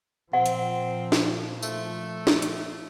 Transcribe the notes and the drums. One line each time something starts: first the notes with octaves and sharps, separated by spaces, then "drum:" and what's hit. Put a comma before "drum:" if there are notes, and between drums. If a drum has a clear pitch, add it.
A#2 F3 C4 F#5
drum: hi-hat
drum: snare
A3, drum: tambourine
drum: snare
drum: hi-hat